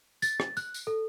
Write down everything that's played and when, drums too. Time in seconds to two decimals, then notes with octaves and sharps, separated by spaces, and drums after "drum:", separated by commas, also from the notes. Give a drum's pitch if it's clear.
0.22 A6, drum: tambourine
0.40 drum: rim click
0.57 F#6, drum: tambourine
0.74 drum: tambourine
0.87 A4